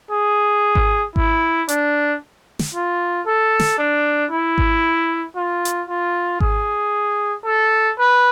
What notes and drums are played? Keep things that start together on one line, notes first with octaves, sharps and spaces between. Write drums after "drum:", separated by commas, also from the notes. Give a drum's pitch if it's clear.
G#4
drum: kick G#1
E4, drum: kick G#1
D4, drum: hi-hat
drum: snare
F4
A4
drum: snare
D4
E4
drum: kick G#1
F4
drum: hi-hat
F4
G#4, drum: kick G#1
A4
B4